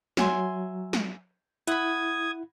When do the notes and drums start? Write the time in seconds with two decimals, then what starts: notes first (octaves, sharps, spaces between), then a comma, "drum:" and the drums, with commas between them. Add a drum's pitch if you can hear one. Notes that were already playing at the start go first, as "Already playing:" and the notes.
0.17 F#3 E5 G#5 C6, drum: snare
0.93 drum: snare
1.67 E4 F#5 B5 D#6 G#6, drum: hi-hat